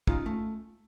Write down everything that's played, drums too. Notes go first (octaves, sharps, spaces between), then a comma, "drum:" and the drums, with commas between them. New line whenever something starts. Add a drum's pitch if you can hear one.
C#4 D#4 F4, drum: kick
A3